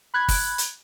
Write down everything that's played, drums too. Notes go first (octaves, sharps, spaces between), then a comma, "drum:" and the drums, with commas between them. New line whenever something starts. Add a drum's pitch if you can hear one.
B5 F#6 G#6
drum: kick, open hi-hat
drum: hi-hat